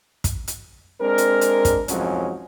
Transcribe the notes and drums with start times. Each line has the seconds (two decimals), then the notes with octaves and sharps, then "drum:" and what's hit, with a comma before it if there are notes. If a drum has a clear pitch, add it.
0.24 drum: kick, hi-hat
0.48 drum: hi-hat
1.01 G#3 C4 D4 A#4
1.18 drum: hi-hat
1.41 drum: hi-hat
1.65 drum: kick, hi-hat
1.88 C2 F2 G#2 F#3 G#3 C#4, drum: hi-hat